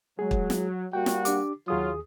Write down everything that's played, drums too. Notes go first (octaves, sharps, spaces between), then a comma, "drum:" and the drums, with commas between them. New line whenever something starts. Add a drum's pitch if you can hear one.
F#3 G#3 G#4
drum: kick
drum: snare
G3 A#3 F#4 G5
drum: snare
D4 G4 D6, drum: hi-hat
D#2 F#3 F4 G#4 D#6